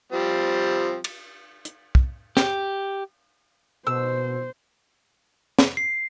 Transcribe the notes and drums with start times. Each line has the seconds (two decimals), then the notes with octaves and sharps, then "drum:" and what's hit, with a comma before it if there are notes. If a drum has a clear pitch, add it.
0.12 F3 G3 C4
1.04 drum: cymbal
1.65 drum: hi-hat
1.95 drum: kick
2.37 G4, drum: snare
3.87 B2 C5 E6
5.59 drum: snare
5.77 C7